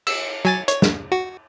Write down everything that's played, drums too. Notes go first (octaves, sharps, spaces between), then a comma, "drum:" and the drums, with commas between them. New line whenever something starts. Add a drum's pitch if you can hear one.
E6, drum: cymbal
F#3 G#5 A6
C#5, drum: hi-hat
drum: snare
F#4